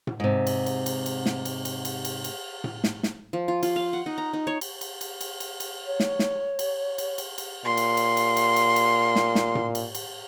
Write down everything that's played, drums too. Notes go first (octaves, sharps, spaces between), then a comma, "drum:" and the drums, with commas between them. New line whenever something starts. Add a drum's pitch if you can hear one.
drum: tom A2
G#2 C3
drum: cymbal
drum: cymbal
drum: cymbal
drum: cymbal
drum: snare
drum: cymbal
drum: cymbal
drum: cymbal
drum: cymbal
drum: cymbal
drum: tom A2
drum: snare
drum: snare
F3
F4
F4, drum: cymbal
F5
F#5
D#4
A#5
D#4
C#5
drum: cymbal
drum: cymbal
drum: cymbal
drum: cymbal
drum: cymbal
drum: cymbal
C#5
drum: snare
drum: snare
drum: cymbal
drum: cymbal
drum: cymbal
drum: cymbal
A#2 C6
drum: cymbal
drum: cymbal
drum: cymbal
drum: cymbal
drum: cymbal
drum: cymbal
drum: snare
drum: snare
drum: tom A2
drum: cymbal
drum: cymbal